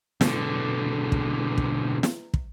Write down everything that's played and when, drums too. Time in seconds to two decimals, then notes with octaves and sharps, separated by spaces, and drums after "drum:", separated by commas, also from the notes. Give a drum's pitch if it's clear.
0.21 B1 D3, drum: snare
1.12 drum: kick
1.58 drum: kick
2.03 drum: snare
2.34 drum: kick